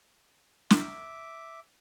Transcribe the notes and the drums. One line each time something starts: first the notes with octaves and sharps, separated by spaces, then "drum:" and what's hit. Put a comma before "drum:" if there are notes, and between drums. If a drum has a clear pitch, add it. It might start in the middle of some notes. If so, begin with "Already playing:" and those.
E5 D6, drum: snare